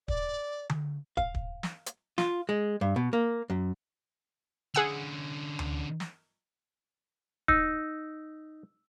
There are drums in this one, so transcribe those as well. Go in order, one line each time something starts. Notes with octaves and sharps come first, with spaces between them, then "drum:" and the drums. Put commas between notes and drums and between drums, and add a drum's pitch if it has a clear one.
D5, drum: kick
drum: tom D3
F5, drum: kick
drum: kick
drum: snare
drum: hi-hat
F4, drum: snare
G#3
G2
B2
A#3
F#2
D3 C#4 G#4 F#5 E6
drum: tom D2
drum: snare
D#4 E6, drum: kick